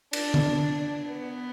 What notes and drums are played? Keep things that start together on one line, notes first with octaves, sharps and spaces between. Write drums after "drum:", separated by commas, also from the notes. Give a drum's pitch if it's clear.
D4, drum: cymbal
drum: tom D3
B3